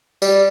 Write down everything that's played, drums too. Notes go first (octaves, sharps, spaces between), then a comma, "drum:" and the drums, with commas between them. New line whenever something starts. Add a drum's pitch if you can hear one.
G3, drum: tambourine